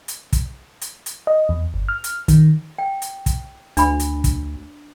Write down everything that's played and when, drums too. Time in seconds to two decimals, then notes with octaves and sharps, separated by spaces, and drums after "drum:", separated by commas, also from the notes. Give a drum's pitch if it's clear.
0.08 drum: hi-hat
0.33 drum: kick, hi-hat
0.81 drum: hi-hat
1.06 drum: hi-hat
1.27 D#5
1.49 E2
1.74 G1
1.89 F6
2.04 drum: hi-hat
2.28 D#3, drum: kick, hi-hat
2.78 G5
3.02 drum: hi-hat
3.26 drum: kick, hi-hat
3.77 D2 D4 B5, drum: hi-hat
4.00 drum: hi-hat
4.24 drum: kick, hi-hat